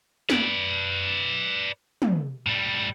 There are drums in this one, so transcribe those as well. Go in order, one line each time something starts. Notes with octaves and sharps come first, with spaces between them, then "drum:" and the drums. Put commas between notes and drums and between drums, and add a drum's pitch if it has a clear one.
B4 D5, drum: snare
drum: tom
A2 G3